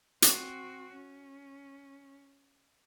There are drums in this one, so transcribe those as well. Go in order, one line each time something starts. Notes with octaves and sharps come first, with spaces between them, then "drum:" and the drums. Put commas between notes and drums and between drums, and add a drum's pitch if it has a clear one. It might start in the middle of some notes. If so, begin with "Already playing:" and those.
C4 F#4, drum: hi-hat
C#4